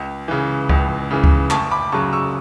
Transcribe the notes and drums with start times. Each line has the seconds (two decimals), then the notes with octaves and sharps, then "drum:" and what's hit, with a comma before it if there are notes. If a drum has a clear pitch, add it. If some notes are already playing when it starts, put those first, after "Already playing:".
Already playing: C#2
0.28 C#3 E3
0.69 C#2, drum: kick C#2
1.11 C#3 E3
1.24 drum: kick C#2
1.50 D2 A5 C#6, drum: clap
1.71 B5 D6
1.92 C#3 F#3 A5 C#6
2.13 C#6 E6